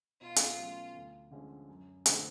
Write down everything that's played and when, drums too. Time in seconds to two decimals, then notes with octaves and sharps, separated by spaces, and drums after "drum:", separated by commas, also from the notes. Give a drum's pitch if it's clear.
0.21 B2 F4
0.36 drum: hi-hat
0.58 F#3 A3 C#4
0.95 D2
1.31 D3 F3 G#3 C#4
1.69 F#2
2.06 D3 F3 A3 C4, drum: hi-hat